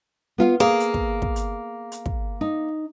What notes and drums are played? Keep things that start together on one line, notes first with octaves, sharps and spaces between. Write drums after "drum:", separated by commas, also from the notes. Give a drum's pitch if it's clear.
B3 F4 F5
A#3 G#4
drum: hi-hat
drum: kick
drum: kick
drum: hi-hat
drum: hi-hat
drum: kick
D#4